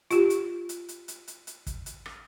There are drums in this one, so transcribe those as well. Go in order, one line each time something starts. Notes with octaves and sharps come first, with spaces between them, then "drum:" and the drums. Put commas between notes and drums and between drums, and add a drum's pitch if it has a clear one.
F4 G4, drum: hi-hat
drum: hi-hat
drum: hi-hat
drum: hi-hat
drum: hi-hat
drum: hi-hat
drum: hi-hat
drum: kick, hi-hat
drum: hi-hat
drum: rim click